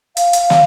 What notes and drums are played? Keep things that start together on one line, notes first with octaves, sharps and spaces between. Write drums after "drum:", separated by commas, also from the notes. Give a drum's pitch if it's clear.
F5, drum: hi-hat
drum: hi-hat
drum: snare